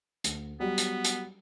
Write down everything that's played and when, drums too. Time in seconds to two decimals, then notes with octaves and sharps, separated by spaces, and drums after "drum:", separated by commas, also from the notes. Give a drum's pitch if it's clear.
0.24 D2, drum: hi-hat
0.60 F#3 G3 B3 G4
0.78 drum: hi-hat
1.04 drum: hi-hat